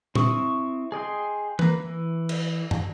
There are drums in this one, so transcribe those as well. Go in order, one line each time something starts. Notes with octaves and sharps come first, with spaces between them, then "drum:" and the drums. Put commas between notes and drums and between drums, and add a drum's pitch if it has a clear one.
C4 E4 C#6 D#6, drum: tom
G#4 D#5 G5 C6
A#3 B4, drum: tom E3
E3
drum: cymbal
drum: tom